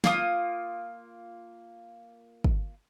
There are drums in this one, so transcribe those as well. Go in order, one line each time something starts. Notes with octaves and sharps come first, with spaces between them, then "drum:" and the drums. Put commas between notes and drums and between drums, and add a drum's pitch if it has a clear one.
A#3 F4 D#6, drum: snare
drum: kick